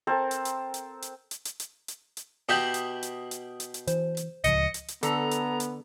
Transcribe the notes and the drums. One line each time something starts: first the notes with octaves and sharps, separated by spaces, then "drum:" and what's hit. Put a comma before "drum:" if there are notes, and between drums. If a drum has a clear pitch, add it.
C4 A4 A#4 A5
drum: hi-hat
drum: hi-hat
drum: hi-hat
drum: hi-hat
drum: hi-hat
drum: hi-hat
drum: hi-hat
drum: hi-hat
drum: hi-hat
B2 G4 E5 D#6 G6 F#7
drum: hi-hat
drum: hi-hat
drum: hi-hat
drum: hi-hat
drum: hi-hat
E3 C5, drum: hi-hat
drum: hi-hat
D1 C#2 F3 D#5 C#7, drum: hi-hat
drum: hi-hat
drum: hi-hat
D3 B3 A4 A#5, drum: hi-hat
drum: hi-hat
drum: hi-hat